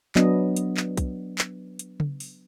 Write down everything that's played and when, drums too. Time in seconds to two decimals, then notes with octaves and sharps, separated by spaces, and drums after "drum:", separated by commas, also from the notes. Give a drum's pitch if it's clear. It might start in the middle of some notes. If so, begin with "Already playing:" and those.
0.16 F#3 B3 D4 D#5, drum: clap
0.56 drum: hi-hat
0.77 drum: clap
0.97 drum: kick B1, hi-hat
1.38 drum: clap
1.79 drum: hi-hat
2.00 drum: tom C#3
2.20 drum: open hi-hat